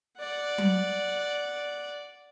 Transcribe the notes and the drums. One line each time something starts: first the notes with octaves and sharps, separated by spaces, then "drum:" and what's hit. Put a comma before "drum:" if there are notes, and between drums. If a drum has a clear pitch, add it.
D5 F#5
drum: tom F#3